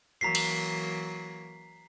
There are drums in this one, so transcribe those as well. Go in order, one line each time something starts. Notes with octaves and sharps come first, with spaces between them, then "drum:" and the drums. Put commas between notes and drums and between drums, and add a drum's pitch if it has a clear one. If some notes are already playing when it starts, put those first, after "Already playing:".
E3 F#3 A#3 A#5 B6 C7
drum: cymbal